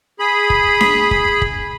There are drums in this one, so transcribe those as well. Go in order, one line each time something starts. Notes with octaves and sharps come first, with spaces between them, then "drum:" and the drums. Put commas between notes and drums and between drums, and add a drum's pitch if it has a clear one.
G#4 B5
drum: kick
drum: snare D4
drum: kick
drum: kick